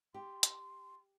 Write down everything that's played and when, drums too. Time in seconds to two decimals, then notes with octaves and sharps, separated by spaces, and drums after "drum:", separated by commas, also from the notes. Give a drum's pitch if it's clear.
0.14 G4 C6
0.43 drum: hi-hat